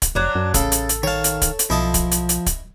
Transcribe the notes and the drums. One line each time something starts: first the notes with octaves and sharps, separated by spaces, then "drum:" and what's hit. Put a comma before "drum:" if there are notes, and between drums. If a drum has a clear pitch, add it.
drum: kick, hi-hat
F1 F#3 D4
F#2
A1 C#3 A4, drum: kick, hi-hat
drum: hi-hat
drum: hi-hat
D#3 C#5 F5 A5
drum: hi-hat
drum: kick, hi-hat
drum: hi-hat
B1 F3 E4 D#5 A5
drum: kick, hi-hat
drum: hi-hat
drum: hi-hat
drum: kick, hi-hat